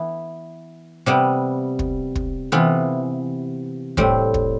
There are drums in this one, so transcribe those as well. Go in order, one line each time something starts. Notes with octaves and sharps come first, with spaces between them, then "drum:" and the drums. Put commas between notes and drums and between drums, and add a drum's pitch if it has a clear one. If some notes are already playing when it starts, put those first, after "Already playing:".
Already playing: E3 B3 E4
C3 G3 B3
drum: kick
drum: kick
C3 E3 B3 F4
A2 G3 C4, drum: kick
drum: kick